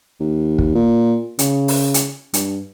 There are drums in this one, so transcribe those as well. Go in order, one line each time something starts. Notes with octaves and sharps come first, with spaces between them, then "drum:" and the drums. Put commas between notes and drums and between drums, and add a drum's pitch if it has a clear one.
D#2
drum: kick
A#2
C#3, drum: hi-hat
drum: open hi-hat
drum: hi-hat
G2, drum: hi-hat